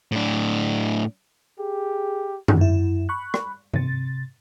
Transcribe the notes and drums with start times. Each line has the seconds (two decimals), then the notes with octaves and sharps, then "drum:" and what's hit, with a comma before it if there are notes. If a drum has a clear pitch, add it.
0.12 A2 D4
1.59 G4 G#4
2.48 drum: tom
2.58 F#2 E4
3.09 B5 C#6 F#6
3.34 drum: rim click
3.74 C3 A6, drum: tom